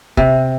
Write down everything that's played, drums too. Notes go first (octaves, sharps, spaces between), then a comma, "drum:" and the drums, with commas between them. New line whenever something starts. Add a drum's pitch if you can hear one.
C3, drum: kick